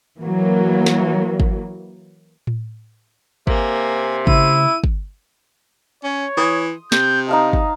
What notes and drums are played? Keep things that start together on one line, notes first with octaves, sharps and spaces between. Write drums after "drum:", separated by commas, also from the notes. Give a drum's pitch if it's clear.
E3 F#3 A#3
drum: snare
drum: kick
drum: tom A2
C3 A#3 G#5, drum: kick
C#3 A3 C#4 E4 D#7, drum: kick
drum: kick
C#4 C#5
E3 C6 D#6
C3 G6, drum: snare
D#4 D#5 F5 A5
drum: kick